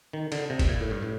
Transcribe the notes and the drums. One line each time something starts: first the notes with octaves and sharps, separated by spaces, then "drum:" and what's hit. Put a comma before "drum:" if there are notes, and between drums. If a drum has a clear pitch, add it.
D#3
D3, drum: cymbal
C3
drum: kick F#1, cymbal
A#2
A2
G2
A2